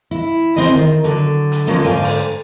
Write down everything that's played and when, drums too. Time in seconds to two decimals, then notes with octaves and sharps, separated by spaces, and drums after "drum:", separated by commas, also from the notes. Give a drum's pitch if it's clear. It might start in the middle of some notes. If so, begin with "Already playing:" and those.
0.11 E4
0.56 C4 D#4 G#4 D#5
0.74 D#3
1.04 D3 F#3
1.52 drum: hi-hat
1.67 D3 F3 F#3 A#3 C#4
1.84 G#2 D3 F5 G5 G#5
2.03 drum: open hi-hat